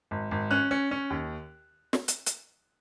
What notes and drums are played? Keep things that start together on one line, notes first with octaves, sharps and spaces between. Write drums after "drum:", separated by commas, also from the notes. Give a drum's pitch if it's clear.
G#1
G#1
C#4 F#6
C#4
C#4
D#2
drum: snare
drum: hi-hat
drum: hi-hat